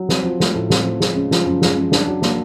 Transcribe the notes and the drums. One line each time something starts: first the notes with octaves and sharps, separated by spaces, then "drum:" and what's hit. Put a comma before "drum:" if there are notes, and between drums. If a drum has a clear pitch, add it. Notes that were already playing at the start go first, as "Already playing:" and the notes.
Already playing: F#3
C4, drum: snare
F3
A3, drum: snare
A2
C4, drum: snare
F3
G#3, drum: snare
C#3
F3, drum: snare
F#2
G#3, drum: snare
C#3
D4, drum: snare
F#3
A#3, drum: snare